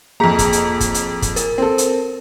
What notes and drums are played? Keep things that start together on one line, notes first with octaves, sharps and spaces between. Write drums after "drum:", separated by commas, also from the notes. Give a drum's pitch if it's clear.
F2 A#3 G#4 A#5 B6
drum: kick, hi-hat
drum: hi-hat
drum: kick, hi-hat
drum: hi-hat
drum: kick, hi-hat
A#4, drum: hi-hat
C4 A4
drum: hi-hat